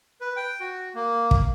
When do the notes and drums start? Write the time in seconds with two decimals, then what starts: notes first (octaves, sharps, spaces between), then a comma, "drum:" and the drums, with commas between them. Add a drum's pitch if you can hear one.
0.21 B4
0.37 G5
0.60 F#4
0.95 A#3
1.31 drum: kick